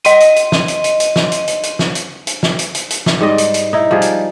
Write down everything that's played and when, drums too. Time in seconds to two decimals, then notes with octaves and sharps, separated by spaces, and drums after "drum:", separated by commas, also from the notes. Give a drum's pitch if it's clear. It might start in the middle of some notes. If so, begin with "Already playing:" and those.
0.05 D#5 C6 D#7, drum: hi-hat
0.20 drum: hi-hat
0.36 drum: hi-hat
0.52 drum: snare
0.68 drum: hi-hat
0.84 drum: hi-hat
1.00 drum: hi-hat
1.16 drum: snare
1.32 drum: hi-hat
1.47 drum: hi-hat
1.63 drum: hi-hat
1.79 drum: snare
1.95 drum: hi-hat
2.27 drum: hi-hat
2.43 drum: snare
2.59 drum: hi-hat
2.75 drum: hi-hat
2.90 drum: hi-hat
3.06 drum: snare
3.21 G#2 G3 D#5
3.38 drum: hi-hat
3.54 drum: hi-hat
3.73 D#4 E4
3.91 F3 G3 G#4
4.02 drum: hi-hat